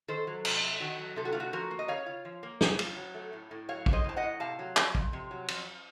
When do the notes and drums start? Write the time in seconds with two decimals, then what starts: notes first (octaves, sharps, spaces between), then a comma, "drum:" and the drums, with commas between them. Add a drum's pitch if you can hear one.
0.08 D#3 A4 C5
0.27 F#3
0.45 C3, drum: cymbal
0.63 A3
0.80 D#3 F#4
0.99 F#3
1.16 C3 A4
1.25 F#4
1.32 A3 F4
1.40 F#4
1.53 F3 F#4 A#4
1.71 A#3
1.79 D#5
1.88 C#3 C#5 F5
2.06 F4
2.25 F3
2.43 A#3
2.61 C#3, drum: snare
2.79 F4, drum: cymbal
2.97 F#3
3.14 A3
3.33 A2
3.51 A2
3.69 F#3 C#5 F5
3.86 A3, drum: kick
3.93 C5 D#5
4.04 A2 A5
4.16 D#5 F#5
4.23 A2
4.40 C3 F5 A5
4.59 F#3
4.77 F2, drum: clap
4.95 F2, drum: kick
5.13 C3
5.31 F#3
5.48 F2, drum: cymbal